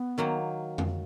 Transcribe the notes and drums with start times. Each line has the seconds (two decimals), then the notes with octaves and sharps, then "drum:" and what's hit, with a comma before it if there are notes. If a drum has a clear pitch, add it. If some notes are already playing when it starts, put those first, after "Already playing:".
Already playing: B3
0.18 D#3 F#3 A#3
0.78 drum: tom F2